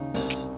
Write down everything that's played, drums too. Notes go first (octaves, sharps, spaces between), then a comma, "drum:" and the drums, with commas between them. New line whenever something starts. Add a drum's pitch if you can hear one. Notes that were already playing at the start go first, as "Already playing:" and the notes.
Already playing: D#2 C#3 D#4
C2, drum: open hi-hat
drum: snare